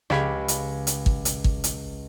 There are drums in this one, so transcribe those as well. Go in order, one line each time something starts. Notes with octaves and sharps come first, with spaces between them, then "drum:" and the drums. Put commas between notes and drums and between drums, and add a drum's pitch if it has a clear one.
C#2 G4 F5 B5 G#6, drum: rim click
drum: hi-hat
drum: hi-hat
drum: kick
drum: hi-hat
drum: kick
drum: hi-hat